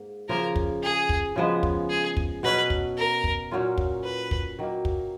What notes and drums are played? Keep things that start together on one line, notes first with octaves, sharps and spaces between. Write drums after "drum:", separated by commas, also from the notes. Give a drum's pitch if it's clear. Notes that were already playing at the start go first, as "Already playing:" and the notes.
Already playing: G#2 A#3
C#3 F3 A#3 A#4
drum: kick
G#4
drum: kick
C#3 F3 G#3 B3
drum: kick
G#4
drum: kick
B2 F#3 C#4 B4
drum: kick
A#4
drum: kick
A#2 F#3 C#4 F4
drum: kick
B4
drum: kick
D#3 F#3 A#3
drum: kick